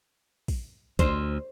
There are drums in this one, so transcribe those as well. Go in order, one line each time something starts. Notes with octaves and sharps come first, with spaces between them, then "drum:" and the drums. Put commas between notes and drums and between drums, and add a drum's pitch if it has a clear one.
drum: kick, open hi-hat
D2 C5, drum: kick, hi-hat